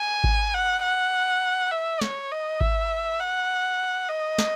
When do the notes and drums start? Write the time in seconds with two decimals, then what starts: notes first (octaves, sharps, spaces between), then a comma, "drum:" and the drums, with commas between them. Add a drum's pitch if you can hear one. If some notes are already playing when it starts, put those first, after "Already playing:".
Already playing: G#5
0.24 drum: kick G#1
0.54 F#5
0.82 F#5
1.71 E5
2.01 C#5, drum: snare
2.31 D#5
2.61 E5, drum: kick G#1
3.20 F#5
4.09 D#5
4.38 drum: snare